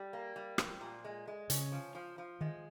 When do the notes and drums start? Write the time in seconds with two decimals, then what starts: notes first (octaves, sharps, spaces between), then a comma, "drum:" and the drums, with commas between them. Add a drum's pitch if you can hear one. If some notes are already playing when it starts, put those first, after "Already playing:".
Already playing: G3
0.13 A#3
0.36 G3
0.58 F3, drum: rim click
0.81 A#2
1.05 G#3
1.28 G#3
1.50 C#3 C#4, drum: hi-hat
1.72 F3
1.95 F3
2.18 F3
2.41 D#3 G#3